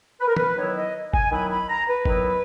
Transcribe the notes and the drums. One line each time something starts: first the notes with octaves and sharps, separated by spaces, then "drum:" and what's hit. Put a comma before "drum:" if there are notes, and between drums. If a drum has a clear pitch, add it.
B4
A#4
B4, drum: tom
D#3 F#3 B3 E4 C#5
D#5
G#5, drum: kick G1
D#3 F#3 B3 E4 B5
B5
A#5
B4
D#3 F#3 B3 E4, drum: kick G1